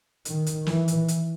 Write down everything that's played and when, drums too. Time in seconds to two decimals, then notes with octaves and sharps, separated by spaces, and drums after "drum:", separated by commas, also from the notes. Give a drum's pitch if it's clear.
0.25 D#3, drum: hi-hat
0.46 drum: hi-hat
0.66 E3, drum: snare
0.88 drum: hi-hat
1.08 drum: hi-hat